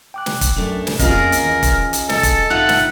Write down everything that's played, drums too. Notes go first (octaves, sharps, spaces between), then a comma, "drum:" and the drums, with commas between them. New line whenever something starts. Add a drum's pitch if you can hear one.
G5 D6 F#6
drum: snare
drum: kick, hi-hat
F#2 A3 D4
drum: snare
F2 A#3 C#4 F4 G#4 A#4 D#5, drum: kick, hi-hat
drum: hi-hat
D#2 E3 D#5
drum: kick, hi-hat
drum: hi-hat
A4 D#5, drum: snare
drum: kick, hi-hat
A1 G#2 D#4 F4 E5 F#5
drum: snare